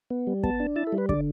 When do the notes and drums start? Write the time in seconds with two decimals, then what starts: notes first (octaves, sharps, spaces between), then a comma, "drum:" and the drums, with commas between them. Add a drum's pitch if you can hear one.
0.11 B3
0.27 G3
0.43 B3 A5, drum: kick
0.60 D4
0.76 E4 A5
0.87 A4
0.92 G3
0.98 B4
1.09 D3 D5, drum: kick